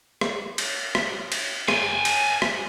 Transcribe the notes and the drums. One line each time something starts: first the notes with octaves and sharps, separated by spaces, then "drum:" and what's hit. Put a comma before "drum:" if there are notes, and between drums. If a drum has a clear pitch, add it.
drum: rim click
drum: cymbal
drum: rim click
drum: cymbal
G5 G#5, drum: rim click
drum: cymbal
drum: rim click